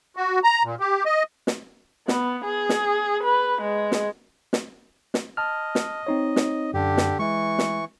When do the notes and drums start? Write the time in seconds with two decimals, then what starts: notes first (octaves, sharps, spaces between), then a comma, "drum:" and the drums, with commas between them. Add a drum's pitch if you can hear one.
0.16 F#4
0.44 A#5
0.64 A#2
0.80 G4
1.05 D#5
1.47 drum: snare
2.08 B3, drum: snare
2.45 G#4
2.69 drum: snare
3.23 B4
3.62 G#3
3.92 drum: snare
4.53 drum: snare
5.14 drum: snare
5.37 D#5 A5 F6
5.75 drum: snare
6.07 C4 D#4 C#5
6.36 drum: snare
6.74 F#2 D3 G4
6.97 drum: snare
7.19 E3 G#3 C#6
7.59 drum: snare